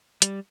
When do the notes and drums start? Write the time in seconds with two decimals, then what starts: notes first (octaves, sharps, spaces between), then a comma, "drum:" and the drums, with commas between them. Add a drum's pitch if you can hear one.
0.22 G3, drum: hi-hat